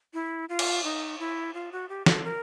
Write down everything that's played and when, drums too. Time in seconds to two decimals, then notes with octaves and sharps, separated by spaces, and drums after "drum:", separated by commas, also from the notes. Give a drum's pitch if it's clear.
0.14 E4
0.49 F4
0.59 drum: cymbal
0.84 D#4
1.19 E4
1.54 F4
1.72 F#4
1.89 G4
2.06 A4, drum: snare
2.24 A#4